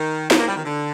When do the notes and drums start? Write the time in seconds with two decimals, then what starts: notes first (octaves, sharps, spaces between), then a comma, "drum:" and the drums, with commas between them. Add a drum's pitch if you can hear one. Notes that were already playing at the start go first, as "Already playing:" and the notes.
Already playing: D#3
0.31 F3, drum: snare
0.39 A#3
0.48 G3
0.57 D#3
0.65 D3